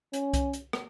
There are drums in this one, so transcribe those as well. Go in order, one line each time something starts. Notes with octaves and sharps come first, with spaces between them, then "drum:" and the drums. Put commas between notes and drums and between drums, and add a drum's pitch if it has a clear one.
C#4, drum: hi-hat
drum: kick C2, hi-hat
drum: hi-hat
drum: rim click